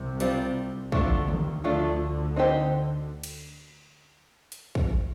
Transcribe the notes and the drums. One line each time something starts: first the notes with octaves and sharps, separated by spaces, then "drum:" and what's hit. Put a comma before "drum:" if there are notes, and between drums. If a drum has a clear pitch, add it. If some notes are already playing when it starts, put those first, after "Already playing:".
Already playing: C2 C3
G3 C4 F4, drum: hi-hat
D2 D3 F3 A3 D4 F4, drum: kick
D#2 D#3, drum: tom C#3
D2 D3 F3 A3 D4 F4
C4 D#4 G4 C5
drum: cymbal
drum: hi-hat
drum: kick